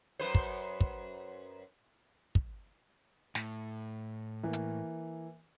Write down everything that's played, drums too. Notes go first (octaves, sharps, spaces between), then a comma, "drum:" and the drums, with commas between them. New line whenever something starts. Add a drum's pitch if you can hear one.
F#2 B4 C5
drum: kick
drum: kick
drum: kick
A2, drum: snare
E3 A#3
drum: hi-hat